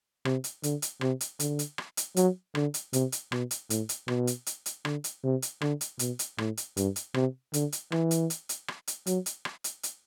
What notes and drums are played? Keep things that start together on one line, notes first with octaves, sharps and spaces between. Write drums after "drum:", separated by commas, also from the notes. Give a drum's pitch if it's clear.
C3, drum: rim click
drum: hi-hat
D3, drum: hi-hat
drum: hi-hat
C3, drum: rim click
drum: hi-hat
D3, drum: hi-hat
drum: hi-hat
drum: rim click
drum: hi-hat
F#3, drum: hi-hat
D3, drum: rim click
drum: hi-hat
C3, drum: hi-hat
drum: hi-hat
B2, drum: rim click
drum: hi-hat
A2, drum: hi-hat
drum: hi-hat
B2, drum: rim click
drum: hi-hat
drum: hi-hat
drum: hi-hat
D3, drum: rim click
drum: hi-hat
C3
drum: hi-hat
D3, drum: rim click
drum: hi-hat
B2, drum: hi-hat
drum: hi-hat
A2, drum: rim click
drum: hi-hat
G2, drum: hi-hat
drum: hi-hat
C3, drum: rim click
D3, drum: hi-hat
drum: hi-hat
E3, drum: rim click
drum: hi-hat
drum: hi-hat
drum: hi-hat
drum: rim click
drum: hi-hat
F#3, drum: hi-hat
drum: hi-hat
drum: rim click
drum: hi-hat
drum: hi-hat